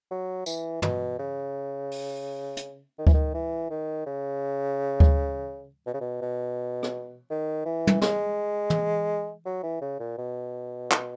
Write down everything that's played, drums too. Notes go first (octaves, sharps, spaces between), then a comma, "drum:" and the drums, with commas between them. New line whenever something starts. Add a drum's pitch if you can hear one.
F#3
E3, drum: tambourine
B2, drum: tom
C#3
drum: open hi-hat
drum: hi-hat
D#3
E3, drum: kick D2
D#3
E3
D#3
C#3
drum: kick D2
B2
C#3
B2
B2
drum: rim click
D#3
E3
drum: tom
G#3, drum: snare
drum: tom
F#3
E3
C#3
A#2
B2
drum: clap